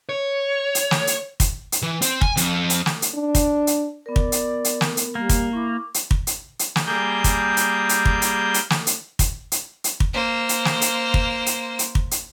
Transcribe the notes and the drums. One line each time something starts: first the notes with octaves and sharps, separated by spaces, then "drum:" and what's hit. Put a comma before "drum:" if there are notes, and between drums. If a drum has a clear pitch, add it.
C#5
drum: hi-hat
drum: snare
drum: hi-hat
drum: kick, hi-hat
drum: hi-hat
E3
C4, drum: hi-hat
G#5, drum: kick
F2, drum: hi-hat
drum: hi-hat
drum: snare
drum: hi-hat
D4
drum: kick, hi-hat
drum: hi-hat
B3 A#4 D5
drum: kick
drum: hi-hat
drum: hi-hat
drum: snare
drum: hi-hat
G3 A#3
drum: kick, hi-hat
E4 C#6 D6
drum: hi-hat
drum: kick
drum: hi-hat
drum: hi-hat
drum: snare
G3 A#3 G#4 G6
drum: kick, hi-hat
drum: hi-hat
drum: hi-hat
drum: kick
drum: hi-hat
drum: hi-hat
drum: snare
drum: hi-hat
drum: kick, hi-hat
drum: hi-hat
drum: hi-hat
drum: kick
A#3 C5
drum: hi-hat
drum: snare
drum: hi-hat
drum: kick
drum: hi-hat
drum: hi-hat
drum: kick
drum: hi-hat